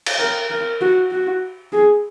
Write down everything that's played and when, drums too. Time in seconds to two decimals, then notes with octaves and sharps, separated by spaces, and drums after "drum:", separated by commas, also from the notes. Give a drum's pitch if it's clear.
0.06 drum: cymbal
0.19 A#4
0.50 A#4
0.81 F#4
1.11 F#4
1.72 G#4